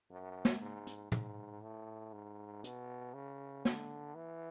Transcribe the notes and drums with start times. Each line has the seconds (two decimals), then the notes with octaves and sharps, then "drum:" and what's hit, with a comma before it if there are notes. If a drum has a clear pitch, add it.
0.11 F#2
0.45 drum: snare
0.61 G#2
0.87 drum: hi-hat
1.12 G#2, drum: tom
1.63 A2
2.13 G#2
2.64 B2, drum: hi-hat
3.14 C#3
3.65 D3, drum: snare
4.15 E3